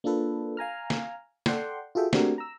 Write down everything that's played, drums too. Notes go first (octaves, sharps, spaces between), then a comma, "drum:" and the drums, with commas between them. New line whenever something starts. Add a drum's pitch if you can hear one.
A#3 D4 F4 A4 B4
F5 G#5 A#5 F6
drum: snare
A4 D5 F#5 G5 C6, drum: snare
F4 F#4 G#4 A4 E5 G5
A3 C4 D4 F#4 G4 A#4, drum: snare
A#5 E6